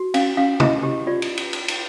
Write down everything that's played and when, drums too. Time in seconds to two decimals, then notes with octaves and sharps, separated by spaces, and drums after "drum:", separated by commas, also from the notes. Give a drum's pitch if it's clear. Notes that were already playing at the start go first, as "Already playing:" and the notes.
Already playing: F#4
0.14 C#4 F5, drum: cymbal
0.37 C#4 F5
0.60 E4 D#5, drum: tom
0.83 G4
1.07 F4 D5
1.22 drum: cymbal
1.37 drum: cymbal
1.53 drum: cymbal
1.68 drum: cymbal